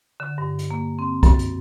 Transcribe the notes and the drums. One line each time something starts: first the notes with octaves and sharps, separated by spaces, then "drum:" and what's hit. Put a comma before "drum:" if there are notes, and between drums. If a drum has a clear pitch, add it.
D3
G2
drum: hi-hat
A#3
C4
F#2, drum: kick, hi-hat
drum: hi-hat